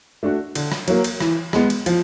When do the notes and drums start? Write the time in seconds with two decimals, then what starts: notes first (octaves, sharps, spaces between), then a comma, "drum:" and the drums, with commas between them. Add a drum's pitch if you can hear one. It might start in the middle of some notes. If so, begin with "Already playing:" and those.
0.23 A3 D4 F#4
0.55 D3, drum: cymbal
0.72 drum: rim click
0.88 F#3 A#3, drum: cymbal
1.04 drum: cymbal
1.20 E3, drum: rim click
1.53 G#3 B3, drum: rim click
1.70 drum: cymbal
1.86 F3, drum: cymbal